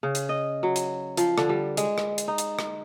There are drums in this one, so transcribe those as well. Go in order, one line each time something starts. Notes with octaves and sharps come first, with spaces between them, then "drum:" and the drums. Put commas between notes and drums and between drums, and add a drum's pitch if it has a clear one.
C#3
drum: hi-hat
D#5
F#3
drum: hi-hat
F3, drum: hi-hat
D3, drum: rim click
G3
G#3, drum: hi-hat
drum: rim click
drum: hi-hat
D#4
drum: hi-hat
drum: rim click